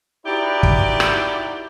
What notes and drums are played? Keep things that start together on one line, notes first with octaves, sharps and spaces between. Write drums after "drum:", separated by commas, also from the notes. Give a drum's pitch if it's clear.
D#4 E4 F#4 G4 B4 D5
drum: kick
drum: rim click